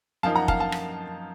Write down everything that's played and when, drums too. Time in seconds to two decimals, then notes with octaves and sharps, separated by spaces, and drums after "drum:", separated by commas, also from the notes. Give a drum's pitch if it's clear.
0.23 F#2 F3 A#3 D#4 F5 A5
0.36 F#5 A#5
0.48 F5 A5, drum: kick
0.60 F5 A5
0.72 drum: rim click